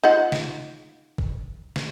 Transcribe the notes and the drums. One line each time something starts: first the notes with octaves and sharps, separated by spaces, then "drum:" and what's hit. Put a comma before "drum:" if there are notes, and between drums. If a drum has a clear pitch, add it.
D#4 F4 F#5
drum: snare
drum: kick A1
drum: snare